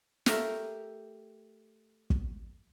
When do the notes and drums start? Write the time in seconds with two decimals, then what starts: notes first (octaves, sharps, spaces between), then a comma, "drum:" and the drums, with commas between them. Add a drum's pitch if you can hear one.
0.26 A3 G4 A#4, drum: snare
2.10 drum: kick